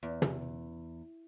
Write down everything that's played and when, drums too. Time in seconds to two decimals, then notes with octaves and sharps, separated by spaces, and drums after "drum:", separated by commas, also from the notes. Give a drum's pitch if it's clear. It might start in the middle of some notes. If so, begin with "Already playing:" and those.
0.03 E2
0.22 drum: tom